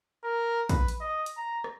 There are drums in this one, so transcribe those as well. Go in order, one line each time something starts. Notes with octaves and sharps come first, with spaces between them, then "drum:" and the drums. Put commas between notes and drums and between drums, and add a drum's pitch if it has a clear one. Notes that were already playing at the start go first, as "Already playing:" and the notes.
A#4
B4, drum: kick, hi-hat
drum: hi-hat
D#5
drum: hi-hat
A#5
drum: rim click